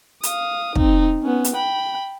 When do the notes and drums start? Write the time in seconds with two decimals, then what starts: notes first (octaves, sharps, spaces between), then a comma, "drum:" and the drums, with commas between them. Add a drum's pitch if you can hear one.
0.23 F5 D#6, drum: hi-hat
0.76 C4 D#4, drum: kick
1.22 B3 C#4
1.44 drum: hi-hat
1.54 G5 B5